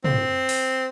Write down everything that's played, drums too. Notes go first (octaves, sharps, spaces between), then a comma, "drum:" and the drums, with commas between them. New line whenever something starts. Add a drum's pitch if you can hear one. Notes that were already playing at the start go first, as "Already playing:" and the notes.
C4, drum: tom
drum: open hi-hat